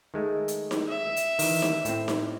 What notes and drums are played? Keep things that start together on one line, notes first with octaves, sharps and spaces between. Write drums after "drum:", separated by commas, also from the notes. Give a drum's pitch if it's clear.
D#3 G#3 A3
drum: hi-hat
drum: snare D#4
E5
drum: hi-hat
D#3 E3, drum: open hi-hat
drum: snare D#4
A2 C4, drum: hi-hat
drum: snare D#4